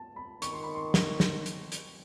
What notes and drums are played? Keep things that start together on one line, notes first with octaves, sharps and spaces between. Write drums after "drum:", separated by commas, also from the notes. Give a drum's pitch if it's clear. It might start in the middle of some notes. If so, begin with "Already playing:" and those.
Already playing: A5
B5
D#3 C#6, drum: hi-hat
C6
B5
C6
drum: snare
drum: snare
drum: hi-hat
drum: hi-hat